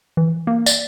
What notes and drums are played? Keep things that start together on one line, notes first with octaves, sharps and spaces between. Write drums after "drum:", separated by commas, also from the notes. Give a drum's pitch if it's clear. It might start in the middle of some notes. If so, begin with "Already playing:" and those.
E3
A#3
D5, drum: tambourine